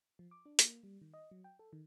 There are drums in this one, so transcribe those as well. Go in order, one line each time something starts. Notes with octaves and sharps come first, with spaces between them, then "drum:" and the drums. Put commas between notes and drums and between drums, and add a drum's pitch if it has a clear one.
F3
D6
D4
A#3, drum: hi-hat
G3
D#3
D#5
F#3
G5
A4
D#3